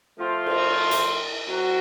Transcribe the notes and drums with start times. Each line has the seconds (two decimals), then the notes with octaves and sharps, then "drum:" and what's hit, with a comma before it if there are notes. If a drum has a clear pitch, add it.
0.19 F3 A3 C4 F4
0.46 drum: cymbal
0.91 drum: hi-hat
1.49 F#3 C4 F#4